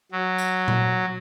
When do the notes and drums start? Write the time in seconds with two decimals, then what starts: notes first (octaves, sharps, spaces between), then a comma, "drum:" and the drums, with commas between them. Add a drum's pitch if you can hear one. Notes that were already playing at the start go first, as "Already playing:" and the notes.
0.12 F#3
0.38 drum: tambourine
0.68 drum: tom A#2